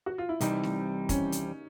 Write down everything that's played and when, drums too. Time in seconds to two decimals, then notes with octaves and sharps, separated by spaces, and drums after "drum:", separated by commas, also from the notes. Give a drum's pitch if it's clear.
0.06 F#4
0.18 F4
0.29 E4
0.41 C2 C3 E3 G3 D#4, drum: hi-hat
0.63 drum: snare A3
1.09 C#4, drum: kick, hi-hat
1.32 drum: hi-hat